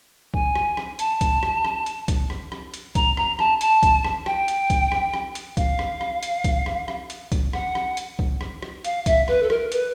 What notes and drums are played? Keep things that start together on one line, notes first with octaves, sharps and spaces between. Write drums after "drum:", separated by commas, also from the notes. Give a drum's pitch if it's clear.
G#5, drum: kick
drum: rim click
drum: rim click
A5, drum: hi-hat
drum: kick, hi-hat
drum: rim click
drum: rim click
drum: hi-hat
drum: kick, hi-hat
drum: rim click
drum: rim click
drum: hi-hat
A#5, drum: kick, hi-hat
A#5, drum: rim click
A5, drum: rim click
A5, drum: hi-hat
drum: kick, hi-hat
drum: rim click
G5, drum: rim click
drum: hi-hat
drum: kick, hi-hat
drum: rim click
drum: rim click
drum: hi-hat
F5, drum: kick, hi-hat
drum: rim click
drum: rim click
drum: hi-hat
drum: kick, hi-hat
drum: rim click
drum: rim click
drum: hi-hat
drum: kick, hi-hat
F#5, drum: rim click
drum: rim click
drum: hi-hat
drum: kick
drum: rim click
drum: rim click
F5, drum: hi-hat
E5, drum: kick, hi-hat
B4, drum: rim click
A4
A#4, drum: rim click
B4, drum: hi-hat